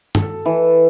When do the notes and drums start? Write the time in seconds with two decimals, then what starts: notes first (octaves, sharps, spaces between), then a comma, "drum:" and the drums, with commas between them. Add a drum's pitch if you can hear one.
0.15 A4, drum: tom G2
0.46 E3